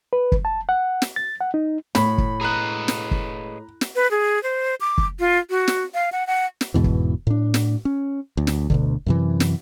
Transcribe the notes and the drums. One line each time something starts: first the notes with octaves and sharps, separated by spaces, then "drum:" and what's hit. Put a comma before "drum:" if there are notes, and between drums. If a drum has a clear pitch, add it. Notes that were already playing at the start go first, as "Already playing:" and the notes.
B4
drum: kick
A5
F#5
drum: snare
A6
F#5
D#4
A2 B5, drum: snare
drum: kick
G#4 B4 D#5 A#5 F#6
drum: snare
drum: kick
drum: snare
B4
G#4
C5
D6
drum: kick
F4
F#4
drum: snare
F5
F#5
F#5
drum: snare
E2 G#2 B2 E3
drum: kick
A2 D4
drum: snare
C#4
D2
drum: snare
D2 B2 D3, drum: kick
F#2 C3 E3
drum: snare